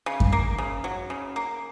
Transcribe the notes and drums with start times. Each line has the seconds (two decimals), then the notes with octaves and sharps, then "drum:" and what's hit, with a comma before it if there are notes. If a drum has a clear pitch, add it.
0.06 C#3
0.20 drum: kick F#2
0.32 A#3
0.58 C#3
0.84 F#3
1.10 C#3
1.36 A#3